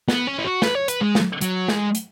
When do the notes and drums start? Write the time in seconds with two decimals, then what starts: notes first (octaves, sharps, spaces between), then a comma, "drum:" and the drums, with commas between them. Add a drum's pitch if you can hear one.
0.08 B3, drum: snare
0.27 C#4
0.39 E4
0.45 F#4
0.62 B4, drum: snare
0.75 C#5
0.88 B4, drum: hi-hat
1.01 G#3
1.15 drum: snare
1.41 F#3, drum: hi-hat
1.68 G#3, drum: snare
1.95 drum: hi-hat